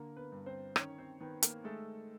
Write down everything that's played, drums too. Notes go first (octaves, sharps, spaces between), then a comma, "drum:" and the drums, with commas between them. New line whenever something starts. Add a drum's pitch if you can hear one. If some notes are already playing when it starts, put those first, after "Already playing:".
Already playing: D3 A#3 A#4
B3 B4
G2
C4 C5
D#3 C#4 C#5, drum: rim click
C4 C5
D#3 B3 B4
A#3 A#4, drum: hi-hat
G#3 A3 A4